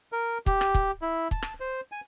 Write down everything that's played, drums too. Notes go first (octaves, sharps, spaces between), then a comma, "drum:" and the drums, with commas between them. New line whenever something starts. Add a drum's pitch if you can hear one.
A#4
G4, drum: kick
drum: rim click
drum: kick
E4
A5, drum: kick
drum: rim click
C5
G#5